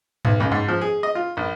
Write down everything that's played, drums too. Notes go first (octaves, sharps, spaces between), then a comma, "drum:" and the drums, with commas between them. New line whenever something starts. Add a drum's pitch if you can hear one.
B1, drum: tom G#2
C#2
G#2
F3
G#4
D#5
F4
A#1